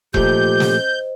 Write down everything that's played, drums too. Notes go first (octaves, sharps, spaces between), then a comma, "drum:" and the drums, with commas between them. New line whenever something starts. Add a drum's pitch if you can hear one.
A#2 F3 A3 G4 C5 D#5 G6, drum: kick E1
drum: snare